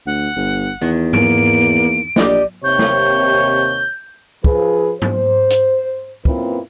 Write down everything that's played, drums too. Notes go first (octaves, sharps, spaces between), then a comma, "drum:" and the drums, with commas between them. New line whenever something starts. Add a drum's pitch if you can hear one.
D2 F#5
G1
E2 D#3
A#3 D7, drum: tom G#2
A#1 G4 D5 D#5, drum: snare
D#2 C3 C#5 G6
drum: snare
F3 G#4 B4, drum: kick
C5, drum: tom G#2
drum: hi-hat
F#2 A#2 B3 C4 E4 B4, drum: kick